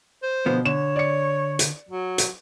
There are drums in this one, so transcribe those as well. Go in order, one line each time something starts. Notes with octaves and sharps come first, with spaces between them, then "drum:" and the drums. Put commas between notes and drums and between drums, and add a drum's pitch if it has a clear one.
C5
B2 D3 F3 B3
D3 C#5 E7
D5 C#7
drum: hi-hat
F#3
drum: hi-hat